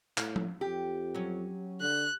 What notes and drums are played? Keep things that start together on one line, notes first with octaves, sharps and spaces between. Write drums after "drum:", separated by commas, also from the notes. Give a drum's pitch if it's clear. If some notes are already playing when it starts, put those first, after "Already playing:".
A2 F5, drum: clap
drum: tom F3
F2 G4
F#3 C#4
D3 F#6